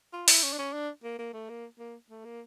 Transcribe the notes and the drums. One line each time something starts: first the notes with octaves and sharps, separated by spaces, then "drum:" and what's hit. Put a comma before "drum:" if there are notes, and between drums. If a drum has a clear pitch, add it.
F4
E4, drum: open hi-hat
C#4
D4
C#4
D4
A#3
A#3
A3
A#3
A#3
A3
A#3